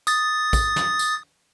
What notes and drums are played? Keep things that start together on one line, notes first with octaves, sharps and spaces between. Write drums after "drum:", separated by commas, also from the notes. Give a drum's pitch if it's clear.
D#6 A6, drum: tambourine
drum: kick, tambourine
drum: snare
drum: tambourine